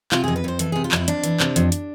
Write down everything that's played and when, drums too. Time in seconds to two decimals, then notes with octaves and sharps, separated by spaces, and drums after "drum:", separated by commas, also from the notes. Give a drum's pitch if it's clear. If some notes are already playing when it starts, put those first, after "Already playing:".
0.12 C3 F4, drum: clap
0.24 F2 G#4
0.36 B4
0.44 F2 C5
0.59 E3 A4, drum: hi-hat
0.72 C3 G#4
0.84 F4
0.91 F2 E4, drum: clap
1.08 F2 D4, drum: hi-hat
1.24 E3, drum: hi-hat
1.40 C3, drum: clap
1.56 F2, drum: hi-hat
1.72 drum: hi-hat